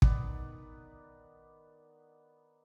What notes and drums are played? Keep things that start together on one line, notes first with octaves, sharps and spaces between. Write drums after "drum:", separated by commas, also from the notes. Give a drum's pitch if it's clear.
D#3 B3 D5, drum: kick